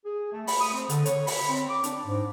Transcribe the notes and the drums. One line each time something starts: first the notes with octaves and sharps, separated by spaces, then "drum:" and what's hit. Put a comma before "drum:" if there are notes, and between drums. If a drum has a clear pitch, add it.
G#4
A3
B5, drum: open hi-hat
D#6
C4
D3, drum: hi-hat
C#5, drum: hi-hat
B5, drum: open hi-hat
C4
D6
D4, drum: hi-hat
G#2